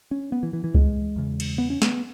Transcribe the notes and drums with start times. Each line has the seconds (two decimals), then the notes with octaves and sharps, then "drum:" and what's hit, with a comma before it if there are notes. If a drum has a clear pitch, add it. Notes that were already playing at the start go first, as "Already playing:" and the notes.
0.11 C#4
0.32 B3
0.43 E3
0.53 E3
0.64 E3
0.75 G#3, drum: kick C#2
1.16 E2 C#3
1.40 drum: cymbal
1.58 B3
1.70 C#4
1.82 B3, drum: snare